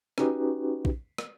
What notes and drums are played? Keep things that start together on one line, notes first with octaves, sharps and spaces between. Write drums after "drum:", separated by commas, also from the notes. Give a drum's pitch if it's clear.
C#4 D#4 F#4 G4 B4, drum: rim click
drum: kick A#1
drum: rim click